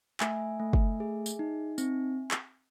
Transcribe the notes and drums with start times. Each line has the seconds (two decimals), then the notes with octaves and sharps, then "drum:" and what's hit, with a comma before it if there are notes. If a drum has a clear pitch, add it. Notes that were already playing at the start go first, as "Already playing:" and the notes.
0.20 A3 E5 G#5, drum: clap
0.60 A3
0.73 drum: kick
1.00 G#4
1.26 drum: tambourine
1.39 D#4
1.78 C4, drum: tambourine
2.31 drum: clap